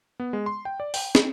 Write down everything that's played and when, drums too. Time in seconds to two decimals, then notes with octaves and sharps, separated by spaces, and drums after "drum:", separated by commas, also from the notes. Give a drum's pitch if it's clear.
0.20 B3
0.33 G#3
0.46 C6
0.65 G5
0.80 D5
0.94 G5, drum: open hi-hat
1.15 drum: snare